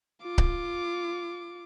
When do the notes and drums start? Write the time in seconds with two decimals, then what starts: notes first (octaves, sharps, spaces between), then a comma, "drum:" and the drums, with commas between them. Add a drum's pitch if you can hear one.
0.22 F4 D6
0.38 drum: kick C#1